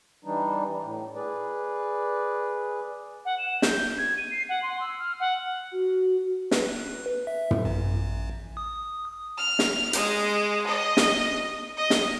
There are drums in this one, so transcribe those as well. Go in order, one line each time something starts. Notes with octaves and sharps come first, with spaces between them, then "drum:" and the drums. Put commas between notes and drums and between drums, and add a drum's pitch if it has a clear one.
E3 G3 D4 D#4
A2
G#4 B4 D5
F#5
E7
G6, drum: snare
G#6
D#7
C7
F#5
C6
E6
F6
F#5
F#4
B4, drum: snare
E5
drum: tom
A1
D#6
F6
drum: snare
G#3, drum: hi-hat
D#5
drum: snare
D#5
drum: snare